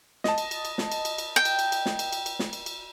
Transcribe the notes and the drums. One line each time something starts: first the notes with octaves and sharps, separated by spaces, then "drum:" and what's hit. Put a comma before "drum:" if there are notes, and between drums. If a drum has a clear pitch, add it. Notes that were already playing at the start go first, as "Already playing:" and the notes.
D#5 A5, drum: snare
drum: cymbal
drum: cymbal
drum: cymbal
drum: snare
drum: cymbal
drum: cymbal
drum: cymbal
G5
drum: cymbal
drum: cymbal
drum: cymbal
drum: snare
drum: cymbal
drum: cymbal
drum: cymbal
drum: snare
drum: cymbal
drum: cymbal